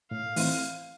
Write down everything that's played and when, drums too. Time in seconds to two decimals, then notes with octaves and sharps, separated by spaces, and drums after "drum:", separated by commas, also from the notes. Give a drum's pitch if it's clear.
0.11 A2 F5
0.36 E3 A3 C4 E4, drum: open hi-hat